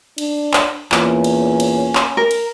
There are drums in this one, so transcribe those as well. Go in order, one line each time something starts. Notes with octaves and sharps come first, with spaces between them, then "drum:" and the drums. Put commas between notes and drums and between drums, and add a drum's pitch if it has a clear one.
D4, drum: cymbal
drum: clap
E2 A#2 C#4, drum: clap
drum: cymbal
drum: cymbal
drum: clap
A#4
drum: cymbal